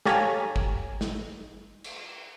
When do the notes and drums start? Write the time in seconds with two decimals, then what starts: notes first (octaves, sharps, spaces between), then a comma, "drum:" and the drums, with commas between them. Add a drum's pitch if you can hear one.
0.05 G4 A4 C#5 F5 G#5 A#5, drum: snare
0.56 drum: kick
1.01 drum: snare
1.84 drum: cymbal